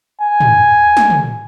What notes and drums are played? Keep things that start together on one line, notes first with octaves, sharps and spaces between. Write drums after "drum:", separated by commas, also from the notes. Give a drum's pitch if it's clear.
G#5
drum: tom
drum: snare
drum: tom